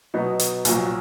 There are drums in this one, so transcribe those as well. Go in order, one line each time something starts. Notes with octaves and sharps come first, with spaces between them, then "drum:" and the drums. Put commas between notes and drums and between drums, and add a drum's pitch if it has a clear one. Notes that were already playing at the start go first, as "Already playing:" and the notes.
B2 F#3 B3 D#4
drum: hi-hat
A#1 A#2 F#3, drum: hi-hat